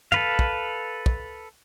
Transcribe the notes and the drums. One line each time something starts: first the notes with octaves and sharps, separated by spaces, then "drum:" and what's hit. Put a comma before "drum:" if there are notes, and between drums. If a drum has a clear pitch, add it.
A4 B4 F5, drum: tom
drum: kick
drum: kick